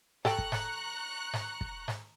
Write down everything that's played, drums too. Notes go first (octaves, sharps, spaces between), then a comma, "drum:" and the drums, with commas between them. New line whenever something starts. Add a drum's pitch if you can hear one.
A4 G5 A#5 C#6 F#6, drum: snare G#2
drum: kick
drum: snare G#2
drum: snare G#2
drum: kick
drum: snare G#2